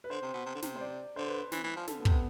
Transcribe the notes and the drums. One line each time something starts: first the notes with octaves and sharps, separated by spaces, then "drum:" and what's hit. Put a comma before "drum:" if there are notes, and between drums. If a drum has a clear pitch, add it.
B4
D3 C5
C3
B2
C3
D3
C3, drum: snare
C5
D5
D3 C5
B4
C5
E3, drum: snare
E3
F3
D3 A4, drum: snare
B3
C3, drum: kick
B3